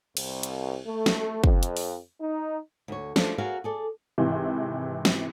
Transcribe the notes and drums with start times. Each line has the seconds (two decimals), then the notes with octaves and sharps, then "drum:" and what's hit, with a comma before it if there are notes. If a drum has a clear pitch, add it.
0.17 C2, drum: cymbal
0.43 drum: hi-hat
0.87 A3
1.06 drum: snare
1.44 F2, drum: kick
1.63 drum: hi-hat
1.77 drum: open hi-hat
2.21 D#4
2.88 D2 C#5
3.16 F3 A3 D4, drum: snare
3.38 F#4 G#4 A#4 C#5 F5
3.64 G#4 A4 D5
4.18 G#1 C3 E3
5.05 drum: snare